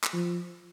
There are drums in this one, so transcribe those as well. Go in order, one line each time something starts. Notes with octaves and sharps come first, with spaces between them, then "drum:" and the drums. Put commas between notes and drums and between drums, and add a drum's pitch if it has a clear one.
drum: clap
F3